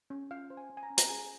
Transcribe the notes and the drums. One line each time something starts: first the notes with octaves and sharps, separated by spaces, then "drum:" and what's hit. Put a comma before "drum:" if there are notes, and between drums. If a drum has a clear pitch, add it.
C#4
F4 F5
C5
G#5
C#4
G#5
A#5
C#4
A#5, drum: hi-hat
G#4 G#5